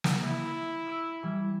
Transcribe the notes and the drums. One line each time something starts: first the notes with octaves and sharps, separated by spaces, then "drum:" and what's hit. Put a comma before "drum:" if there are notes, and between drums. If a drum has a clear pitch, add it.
drum: snare
E4
E6 D7
E3 G3